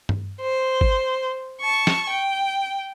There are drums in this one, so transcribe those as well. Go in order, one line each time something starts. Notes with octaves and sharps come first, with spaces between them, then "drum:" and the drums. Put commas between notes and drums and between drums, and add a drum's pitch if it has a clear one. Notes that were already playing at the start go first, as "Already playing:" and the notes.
drum: tom G2
C5
drum: kick G1
A5 C#6
drum: snare
G5